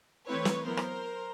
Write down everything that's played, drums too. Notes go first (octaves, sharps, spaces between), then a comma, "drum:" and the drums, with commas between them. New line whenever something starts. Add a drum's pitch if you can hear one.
E3 A3 C4 E4 B4 C#5
drum: snare
F#3 B3 E4 A#4 C5
drum: rim click